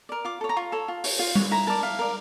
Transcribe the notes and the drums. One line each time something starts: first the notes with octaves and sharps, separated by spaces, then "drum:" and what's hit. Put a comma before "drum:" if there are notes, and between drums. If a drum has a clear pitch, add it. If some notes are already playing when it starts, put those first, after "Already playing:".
A#4 D5
F4 D6
A4 C#5
A#5
F4 C#6
A4 C#5
F4
C#5, drum: open hi-hat
F4
C#5, drum: tom G3
E4 A#5
A#4 D5 A5
E4 F5
A#4 D5